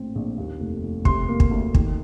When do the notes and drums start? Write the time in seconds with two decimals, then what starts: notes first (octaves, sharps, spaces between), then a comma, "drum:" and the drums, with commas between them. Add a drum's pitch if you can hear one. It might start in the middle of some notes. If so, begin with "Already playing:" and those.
Already playing: A#1 A2 C4
0.15 A#1
0.38 D#2
0.60 F1
0.83 F1
1.05 C3 C6, drum: kick
1.28 A#3
1.40 drum: kick
1.51 D2
1.74 D#3, drum: kick